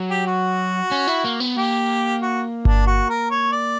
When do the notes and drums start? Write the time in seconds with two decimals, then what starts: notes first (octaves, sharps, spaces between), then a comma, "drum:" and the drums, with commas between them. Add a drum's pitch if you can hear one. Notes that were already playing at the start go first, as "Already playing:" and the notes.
Already playing: F#3
0.10 G4
0.27 F#4
0.91 C#4
1.08 E4
1.24 A#3
1.40 B3
1.57 A#3 G4
2.22 F#4
2.65 D4, drum: kick G1
2.87 F#4
3.09 A#4
3.31 C#5
3.52 D5